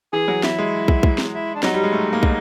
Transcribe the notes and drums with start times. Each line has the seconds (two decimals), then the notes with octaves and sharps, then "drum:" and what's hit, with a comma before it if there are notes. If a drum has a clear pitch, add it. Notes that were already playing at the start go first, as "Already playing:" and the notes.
0.13 E3 G#4
0.28 F#3
0.43 E4, drum: snare
0.59 G#3
0.88 drum: kick
1.03 drum: kick
1.18 drum: snare
1.33 E4
1.55 D4
1.63 F#3 D#4, drum: snare
1.74 G3
1.84 G#3
1.92 A3
2.13 A#3
2.23 drum: kick